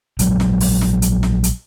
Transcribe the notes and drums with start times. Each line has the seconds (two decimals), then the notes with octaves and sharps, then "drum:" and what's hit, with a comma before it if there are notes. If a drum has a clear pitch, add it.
0.19 A#1 F#3 G#3, drum: hi-hat
0.40 drum: snare
0.60 drum: open hi-hat
0.81 drum: snare
1.02 drum: hi-hat
1.23 drum: snare
1.44 drum: hi-hat